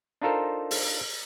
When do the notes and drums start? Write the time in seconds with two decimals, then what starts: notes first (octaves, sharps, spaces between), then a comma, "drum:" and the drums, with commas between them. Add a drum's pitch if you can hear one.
0.22 D4 D#4 F4 A4 A#4 C5
0.71 drum: open hi-hat